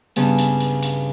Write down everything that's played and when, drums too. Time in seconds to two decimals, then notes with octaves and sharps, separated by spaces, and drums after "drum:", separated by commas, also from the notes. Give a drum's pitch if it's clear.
0.16 G2 C#3 B3, drum: hi-hat
0.38 drum: hi-hat
0.60 drum: hi-hat
0.83 drum: hi-hat